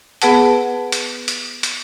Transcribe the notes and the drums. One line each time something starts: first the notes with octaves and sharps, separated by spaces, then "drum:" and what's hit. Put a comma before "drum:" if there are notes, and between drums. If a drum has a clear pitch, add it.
B3 G#4 B4 F#5 A5, drum: hi-hat
drum: hi-hat
drum: hi-hat
drum: hi-hat